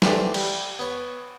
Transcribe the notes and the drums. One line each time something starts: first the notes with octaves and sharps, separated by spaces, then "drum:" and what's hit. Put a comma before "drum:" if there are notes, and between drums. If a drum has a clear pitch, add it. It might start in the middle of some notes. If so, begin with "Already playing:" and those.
E3 F3 F#4 G4 A4 D5, drum: snare
G3, drum: cymbal
B3 C#5